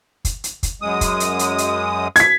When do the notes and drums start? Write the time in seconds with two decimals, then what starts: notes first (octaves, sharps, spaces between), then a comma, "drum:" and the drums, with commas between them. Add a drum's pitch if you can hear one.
0.25 drum: kick, hi-hat
0.44 drum: hi-hat
0.63 drum: kick, hi-hat
0.82 F#2 G#3 D#6
1.01 drum: kick, hi-hat
1.20 drum: hi-hat
1.39 drum: hi-hat
1.58 drum: hi-hat
2.16 G#6 B6, drum: hi-hat